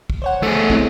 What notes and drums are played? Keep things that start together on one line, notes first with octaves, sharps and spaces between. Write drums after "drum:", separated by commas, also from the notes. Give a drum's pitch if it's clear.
drum: kick
C5 C#5 F#5
A3 G#4 D#7
B3 C4 E4, drum: kick